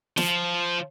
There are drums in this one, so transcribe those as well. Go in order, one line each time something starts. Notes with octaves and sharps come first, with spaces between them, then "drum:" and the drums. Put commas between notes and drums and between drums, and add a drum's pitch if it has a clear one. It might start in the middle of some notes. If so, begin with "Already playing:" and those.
F3, drum: snare